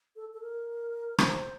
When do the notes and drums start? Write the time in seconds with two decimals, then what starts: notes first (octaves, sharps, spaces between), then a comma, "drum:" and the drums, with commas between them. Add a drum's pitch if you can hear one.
0.16 A4
0.34 A4
0.42 A#4
1.18 C5, drum: rim click